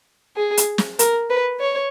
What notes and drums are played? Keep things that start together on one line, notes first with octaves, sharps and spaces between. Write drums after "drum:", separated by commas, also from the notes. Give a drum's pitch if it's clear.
G#4
drum: hi-hat
drum: snare
A#4, drum: hi-hat
B4
C#5